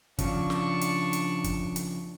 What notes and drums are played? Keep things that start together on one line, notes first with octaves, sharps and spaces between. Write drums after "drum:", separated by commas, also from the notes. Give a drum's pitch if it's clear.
C#3 F3 D4 C#6, drum: kick, hi-hat
drum: snare
drum: hi-hat
drum: hi-hat
drum: kick, hi-hat
drum: hi-hat